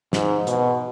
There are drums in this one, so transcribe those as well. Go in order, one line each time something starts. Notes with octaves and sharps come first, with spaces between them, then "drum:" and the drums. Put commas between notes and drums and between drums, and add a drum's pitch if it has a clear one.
G#2, drum: snare
B2, drum: hi-hat